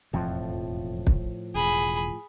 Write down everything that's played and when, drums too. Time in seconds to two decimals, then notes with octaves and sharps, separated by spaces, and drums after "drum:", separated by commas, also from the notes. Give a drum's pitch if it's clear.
0.13 E1 F2 A2 F3
1.07 drum: kick
1.55 E1 G#4 B5